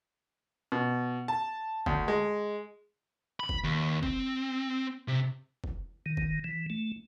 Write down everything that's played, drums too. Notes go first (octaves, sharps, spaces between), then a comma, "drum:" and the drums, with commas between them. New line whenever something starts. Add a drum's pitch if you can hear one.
B2
A5
D2, drum: kick
G#3
B5
drum: kick
D#2
C4, drum: kick
C3
drum: kick
D#3
drum: kick
E3
A3